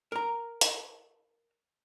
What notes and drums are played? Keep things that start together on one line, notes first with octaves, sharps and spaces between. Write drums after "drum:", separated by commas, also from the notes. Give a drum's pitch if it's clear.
A#4 A#5
drum: hi-hat